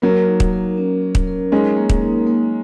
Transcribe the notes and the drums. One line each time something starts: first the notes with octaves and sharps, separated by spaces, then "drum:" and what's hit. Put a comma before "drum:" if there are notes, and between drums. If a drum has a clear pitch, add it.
F#3 A#3 A#4
D#4
drum: kick
A#4
C#4
C#4
drum: kick
A#4
G#3 C#4 D#4
A#3
drum: kick
D#4
A#3